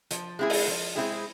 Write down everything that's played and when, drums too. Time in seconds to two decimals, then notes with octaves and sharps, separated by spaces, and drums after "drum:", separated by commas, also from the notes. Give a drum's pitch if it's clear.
0.11 F3, drum: hi-hat
0.39 G#3 C4 E4 G#4
0.50 drum: open hi-hat
0.67 F3
0.95 G#3 C4 E4 G#4